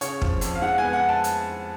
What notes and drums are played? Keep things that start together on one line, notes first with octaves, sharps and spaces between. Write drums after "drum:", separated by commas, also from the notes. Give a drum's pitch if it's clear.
C#3 C#5, drum: hi-hat
F3, drum: kick
F2, drum: hi-hat
F5
G#3 F#5
B3 G#5
F#5
A5
drum: hi-hat